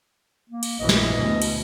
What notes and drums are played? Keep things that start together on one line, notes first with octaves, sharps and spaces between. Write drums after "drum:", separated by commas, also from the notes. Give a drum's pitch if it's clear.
A#3
drum: cymbal
A#1 F#2 E3 D#5
drum: snare
D2 B2
drum: cymbal